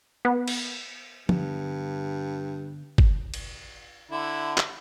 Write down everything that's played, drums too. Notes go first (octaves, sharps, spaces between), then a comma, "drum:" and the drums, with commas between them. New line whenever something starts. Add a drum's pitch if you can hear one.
B3
drum: cymbal
G2 D3 B3, drum: tom
drum: kick
drum: cymbal
D3 E4
drum: clap